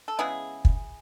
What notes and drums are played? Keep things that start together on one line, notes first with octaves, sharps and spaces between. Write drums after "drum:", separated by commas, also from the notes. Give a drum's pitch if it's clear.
A4
C#3 G#3 B3 E4 G#4
drum: kick